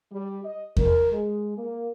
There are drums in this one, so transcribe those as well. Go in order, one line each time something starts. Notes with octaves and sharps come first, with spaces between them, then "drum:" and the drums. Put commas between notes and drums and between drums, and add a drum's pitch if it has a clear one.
G3
D#5
A#4, drum: kick E2
G#3
A#3